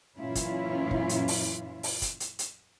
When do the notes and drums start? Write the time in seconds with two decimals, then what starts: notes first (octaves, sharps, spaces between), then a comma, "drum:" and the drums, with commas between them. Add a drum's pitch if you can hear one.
0.17 F#2 A#2 E3 C#4 E4 F4
0.35 drum: kick, hi-hat
0.91 drum: kick
1.09 drum: hi-hat
1.28 drum: open hi-hat
1.83 drum: open hi-hat
2.02 drum: kick, hi-hat
2.20 drum: hi-hat
2.39 drum: hi-hat